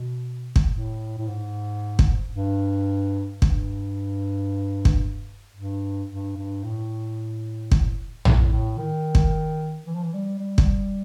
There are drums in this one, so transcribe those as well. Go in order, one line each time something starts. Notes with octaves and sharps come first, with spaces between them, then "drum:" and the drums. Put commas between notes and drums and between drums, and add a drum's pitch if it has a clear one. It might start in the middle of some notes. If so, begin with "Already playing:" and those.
Already playing: B2
drum: kick
A2
A2
G#2
drum: kick
G2
G2, drum: kick
drum: kick
G2
G2
G2
A2
drum: kick
A2, drum: tom A#1
A2
D#3
drum: kick
E3
F3
E3
G3
G3
drum: kick